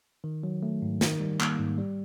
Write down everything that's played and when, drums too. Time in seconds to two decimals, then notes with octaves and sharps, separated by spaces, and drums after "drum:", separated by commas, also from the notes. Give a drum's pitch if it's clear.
0.24 D#3
0.43 F#3
0.63 A3
0.82 G#2
1.01 D#3, drum: snare
1.20 G3
1.40 A#3, drum: clap
1.60 G#2
1.78 G3